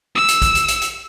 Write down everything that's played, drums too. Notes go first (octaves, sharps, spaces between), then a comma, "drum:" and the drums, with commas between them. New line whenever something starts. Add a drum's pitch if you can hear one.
E6
drum: hi-hat
drum: kick A#1, hi-hat
drum: hi-hat
drum: hi-hat
drum: hi-hat